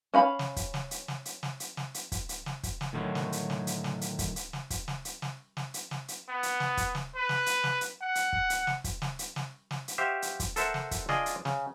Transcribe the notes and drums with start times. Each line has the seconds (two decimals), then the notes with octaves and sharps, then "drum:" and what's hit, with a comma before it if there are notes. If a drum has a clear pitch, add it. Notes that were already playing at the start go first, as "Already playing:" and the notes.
0.14 C#4 F5 B5
0.39 drum: snare
0.56 drum: kick, hi-hat
0.74 drum: snare
0.91 drum: hi-hat
1.08 drum: snare
1.25 drum: hi-hat
1.43 drum: snare
1.60 drum: hi-hat
1.77 drum: snare
1.94 drum: hi-hat
2.12 drum: kick, hi-hat
2.29 drum: hi-hat
2.46 drum: snare
2.63 drum: kick, hi-hat
2.81 drum: snare
2.93 A2 D3 D#3 F#3
3.15 drum: snare
3.32 drum: hi-hat
3.50 drum: snare
3.67 drum: hi-hat
3.84 drum: snare
4.01 drum: hi-hat
4.19 drum: kick, hi-hat
4.36 drum: hi-hat
4.53 drum: snare
4.70 drum: kick, hi-hat
4.88 drum: snare
5.05 drum: hi-hat
5.22 drum: snare
5.57 drum: snare
5.74 drum: hi-hat
5.91 drum: snare
6.08 drum: hi-hat
6.29 B3
6.43 drum: hi-hat
6.60 drum: snare
6.77 drum: kick, hi-hat
6.95 drum: snare
7.16 B4
7.29 drum: snare
7.46 drum: hi-hat
7.64 drum: snare
7.81 drum: hi-hat
8.02 F#5
8.15 drum: hi-hat
8.33 drum: kick
8.50 drum: hi-hat
8.67 drum: snare
8.84 drum: kick, hi-hat
9.02 drum: snare
9.19 drum: hi-hat
9.36 drum: snare
9.71 drum: snare
9.88 drum: hi-hat
9.98 F#4 G4 C5 E5 F5
10.22 drum: hi-hat
10.40 drum: kick, hi-hat
10.56 A4 A#4 C5 E5 F#5 A5, drum: hi-hat
10.74 drum: snare
10.91 drum: kick, hi-hat
11.09 D4 F4 G#4 D5 D#5, drum: snare
11.26 drum: hi-hat
11.45 C#3, drum: snare